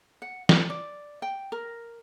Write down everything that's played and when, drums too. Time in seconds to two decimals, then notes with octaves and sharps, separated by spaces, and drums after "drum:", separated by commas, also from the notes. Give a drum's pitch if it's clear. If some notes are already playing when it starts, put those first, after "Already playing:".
0.22 F#5
0.49 A4, drum: snare
0.70 D5
1.22 G5
1.52 A#4